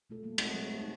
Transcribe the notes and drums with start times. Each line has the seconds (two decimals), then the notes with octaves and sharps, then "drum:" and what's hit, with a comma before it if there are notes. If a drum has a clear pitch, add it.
0.10 B2 A3 F4 A4
0.23 G3 G#3 A#3
0.38 G#3 A3 C4 D#4 D#5 F#5, drum: cymbal
0.53 F#3 G3
0.69 A3
0.82 D#4